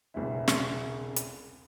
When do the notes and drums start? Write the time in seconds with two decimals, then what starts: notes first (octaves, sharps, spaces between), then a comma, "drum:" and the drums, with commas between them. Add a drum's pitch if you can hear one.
0.14 E1 C2 C#3 B3 C4 E4
0.48 drum: snare
1.16 drum: hi-hat